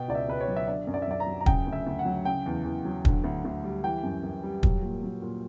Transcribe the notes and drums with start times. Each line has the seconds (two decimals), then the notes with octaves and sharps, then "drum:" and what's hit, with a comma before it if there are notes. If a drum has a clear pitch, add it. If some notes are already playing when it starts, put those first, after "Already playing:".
Already playing: B2 G5
0.08 C#2 D5
0.15 E5
0.28 C#2 B4
0.41 C#5
0.48 F#3
0.57 E5
0.67 D3 D5
0.87 F#2
0.94 D5
1.02 E5
1.07 F#2 D5
1.20 A#5
1.27 F#3
1.41 A#5
1.46 C#3 G5, drum: kick
1.67 D2
1.73 E5
1.87 D2
1.99 F#5
2.05 F#3
2.25 C#3 G5
2.46 E2
2.65 E2
2.85 F#3
3.05 D3, drum: kick
3.24 D2
3.45 D2
3.64 G3
3.84 E3 G5
4.03 F#2
4.23 F#2
4.44 G3
4.63 F#3, drum: kick
4.83 A#2
5.03 F#3
5.22 A#2